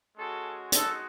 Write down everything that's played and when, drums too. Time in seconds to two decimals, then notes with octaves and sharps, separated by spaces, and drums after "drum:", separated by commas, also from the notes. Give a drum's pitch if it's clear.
0.15 G#3 C#4 F#4 A4
0.72 G#3 D#4 F#4 A4, drum: hi-hat